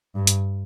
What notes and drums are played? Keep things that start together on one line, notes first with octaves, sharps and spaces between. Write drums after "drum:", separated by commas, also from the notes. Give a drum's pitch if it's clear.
G2
drum: hi-hat